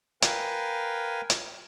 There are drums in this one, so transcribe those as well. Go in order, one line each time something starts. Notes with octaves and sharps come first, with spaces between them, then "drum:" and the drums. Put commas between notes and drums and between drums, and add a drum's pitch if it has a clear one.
A#4 B4 F5 G5 G#5, drum: hi-hat
drum: hi-hat